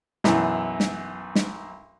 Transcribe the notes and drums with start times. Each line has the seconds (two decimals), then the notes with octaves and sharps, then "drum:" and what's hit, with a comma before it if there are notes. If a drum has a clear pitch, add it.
0.24 B1 F#2 E3, drum: snare
0.80 drum: snare
1.35 drum: snare